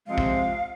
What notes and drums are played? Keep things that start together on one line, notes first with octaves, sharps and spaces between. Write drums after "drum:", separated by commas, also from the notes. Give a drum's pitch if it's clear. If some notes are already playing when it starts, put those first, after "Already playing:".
C3 F3 G#3 F5
drum: kick